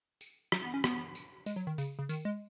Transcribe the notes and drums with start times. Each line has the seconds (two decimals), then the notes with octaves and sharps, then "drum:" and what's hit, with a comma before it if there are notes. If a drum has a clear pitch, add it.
0.21 drum: tambourine
0.52 F#3, drum: rim click
0.62 B3
0.74 C#4
0.84 B3, drum: rim click
1.15 drum: tambourine
1.46 G#3, drum: tambourine
1.56 F#3
1.67 D#3
1.78 C#3, drum: tambourine
1.99 C#3
2.09 D#3, drum: tambourine
2.25 G#3